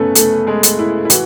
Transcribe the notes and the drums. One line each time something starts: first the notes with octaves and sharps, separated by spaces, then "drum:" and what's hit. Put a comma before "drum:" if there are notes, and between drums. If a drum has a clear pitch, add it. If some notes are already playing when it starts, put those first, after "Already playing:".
Already playing: F#2 C#3 A3 B3 C#4 A4 B4
A3 A4, drum: hi-hat
G#3 G#4
drum: hi-hat
E4
E4
E3 F#4, drum: hi-hat